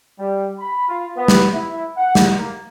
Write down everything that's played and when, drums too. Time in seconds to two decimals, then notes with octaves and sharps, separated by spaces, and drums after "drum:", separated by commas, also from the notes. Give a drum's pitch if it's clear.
0.19 G3
0.59 B5
0.88 F4
1.16 B3
1.28 drum: snare
1.54 E4
1.97 F#5
2.15 drum: snare
2.37 A#3